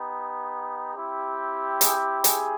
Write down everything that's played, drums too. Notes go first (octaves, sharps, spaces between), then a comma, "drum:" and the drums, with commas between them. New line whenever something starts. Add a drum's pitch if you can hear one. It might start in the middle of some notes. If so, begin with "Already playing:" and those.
Already playing: B3 D#4 G4
C4 E4 G4
G#4, drum: hi-hat
G#4, drum: hi-hat